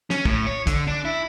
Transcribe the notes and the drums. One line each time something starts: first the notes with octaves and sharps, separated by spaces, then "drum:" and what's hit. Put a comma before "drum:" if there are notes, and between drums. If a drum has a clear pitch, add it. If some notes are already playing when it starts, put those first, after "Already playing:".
C#4, drum: snare
A2, drum: kick
C#5
D3, drum: kick, hi-hat
D4
E4